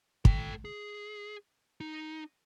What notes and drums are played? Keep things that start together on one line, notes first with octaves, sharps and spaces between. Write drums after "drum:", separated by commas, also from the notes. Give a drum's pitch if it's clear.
A4 G5, drum: kick
G#4
D#4